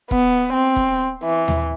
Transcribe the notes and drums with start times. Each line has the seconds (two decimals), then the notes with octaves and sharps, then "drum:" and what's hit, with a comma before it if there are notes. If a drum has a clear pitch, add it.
0.11 B3, drum: kick E1
0.53 C4
0.76 drum: kick E1
1.23 E3
1.48 drum: tom D#2